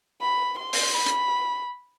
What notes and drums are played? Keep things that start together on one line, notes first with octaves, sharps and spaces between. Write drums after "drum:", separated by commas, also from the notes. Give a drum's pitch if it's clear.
B5
C6
drum: open hi-hat
B5
drum: hi-hat